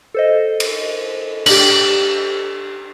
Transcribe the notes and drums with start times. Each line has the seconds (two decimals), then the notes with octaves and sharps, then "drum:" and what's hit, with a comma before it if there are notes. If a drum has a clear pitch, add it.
0.14 A4 C5 D#5
0.60 drum: cymbal
1.46 D4 G4 F#7, drum: cymbal